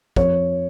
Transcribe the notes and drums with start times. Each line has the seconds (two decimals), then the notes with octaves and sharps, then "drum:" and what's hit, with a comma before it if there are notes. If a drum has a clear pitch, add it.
0.16 F2 C#5, drum: kick